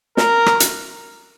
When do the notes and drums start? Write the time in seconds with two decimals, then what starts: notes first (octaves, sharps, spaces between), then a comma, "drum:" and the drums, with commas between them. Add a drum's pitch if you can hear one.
0.17 A#4, drum: snare
0.46 drum: rim click
0.60 drum: hi-hat